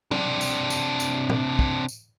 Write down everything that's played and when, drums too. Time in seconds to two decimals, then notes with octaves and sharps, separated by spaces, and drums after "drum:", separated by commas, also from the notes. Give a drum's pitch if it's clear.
0.11 C3 D4, drum: tom
0.41 drum: tambourine
0.70 drum: tambourine
1.00 drum: tambourine
1.29 drum: tom A#2
1.59 drum: kick
1.88 drum: tambourine